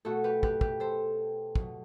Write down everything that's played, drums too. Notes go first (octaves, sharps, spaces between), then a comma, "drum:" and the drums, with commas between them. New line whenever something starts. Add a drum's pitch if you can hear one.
B2 A3 F#4 A4
G4 B4
G4 B4, drum: kick
G4 B4, drum: kick
A4 C5
B2 F#3 A3, drum: kick